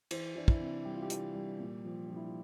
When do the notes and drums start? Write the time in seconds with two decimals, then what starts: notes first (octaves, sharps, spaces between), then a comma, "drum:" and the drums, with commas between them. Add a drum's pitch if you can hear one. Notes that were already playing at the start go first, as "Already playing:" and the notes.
0.11 E3 C5, drum: cymbal
0.35 E3 D4
0.48 E4, drum: kick
0.60 C3
0.85 G3 G4
0.94 F4
1.02 G4
1.10 E3, drum: hi-hat
1.35 G3
1.60 A#2
1.85 F3
2.07 F3 D4
2.16 E4
2.25 F4